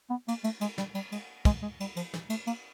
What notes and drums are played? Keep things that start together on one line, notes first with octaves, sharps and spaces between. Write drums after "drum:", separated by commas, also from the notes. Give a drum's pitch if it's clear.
B3
A#3, drum: cymbal
A3, drum: cymbal
G#3, drum: cymbal
G3, drum: snare
G3, drum: cymbal
G#3, drum: cymbal
G#3, drum: kick, cymbal
G#3
G3, drum: cymbal
F3, drum: cymbal
E3, drum: snare
A3, drum: cymbal
A#3, drum: cymbal